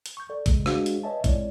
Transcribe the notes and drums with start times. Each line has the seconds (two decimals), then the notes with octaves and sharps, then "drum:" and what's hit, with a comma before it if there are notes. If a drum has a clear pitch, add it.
0.06 drum: hi-hat
0.17 C#6 G6
0.29 A4 D5
0.46 E2 C#3 G#3 A3, drum: kick, hi-hat
0.66 G#3 D4 F#4 G#4 C5 F5, drum: rim click
0.86 drum: hi-hat
1.03 B4 C#5 D#5 E5 G#5 A5
1.24 G#3 C4 E4 C#5 D5, drum: kick, hi-hat